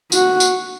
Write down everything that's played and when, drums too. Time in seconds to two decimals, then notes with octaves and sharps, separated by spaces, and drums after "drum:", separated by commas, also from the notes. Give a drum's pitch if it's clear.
0.12 F#4, drum: tambourine
0.40 drum: tambourine